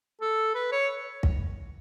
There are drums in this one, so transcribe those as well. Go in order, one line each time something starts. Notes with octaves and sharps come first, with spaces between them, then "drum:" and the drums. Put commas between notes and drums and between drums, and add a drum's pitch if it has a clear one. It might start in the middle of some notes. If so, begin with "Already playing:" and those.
A4
B4
C#5
drum: kick